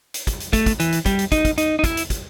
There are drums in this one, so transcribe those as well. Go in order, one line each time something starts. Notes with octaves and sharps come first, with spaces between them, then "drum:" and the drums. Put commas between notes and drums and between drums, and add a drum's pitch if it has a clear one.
drum: hi-hat
drum: kick, hi-hat
drum: hi-hat
A3, drum: kick, hi-hat
drum: kick, hi-hat
E3, drum: hi-hat
drum: hi-hat
G3, drum: kick, hi-hat
drum: hi-hat
D#4, drum: kick, hi-hat
drum: kick, hi-hat
D#4, drum: hi-hat
D#4
E4, drum: kick, hi-hat
drum: hi-hat
drum: kick, hi-hat